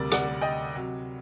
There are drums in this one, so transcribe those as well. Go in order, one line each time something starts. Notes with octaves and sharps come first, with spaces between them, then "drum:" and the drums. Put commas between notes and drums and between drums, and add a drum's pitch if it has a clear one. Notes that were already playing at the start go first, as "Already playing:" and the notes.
Already playing: D2 C3 G3 A#4 D5
D5 F#5, drum: rim click
D#5 G5
C3 F#3